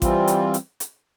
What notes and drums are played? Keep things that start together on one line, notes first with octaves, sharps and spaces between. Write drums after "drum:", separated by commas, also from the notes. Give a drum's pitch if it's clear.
E3 G3 C4 F4, drum: kick A1, hi-hat
drum: hi-hat
drum: hi-hat
drum: hi-hat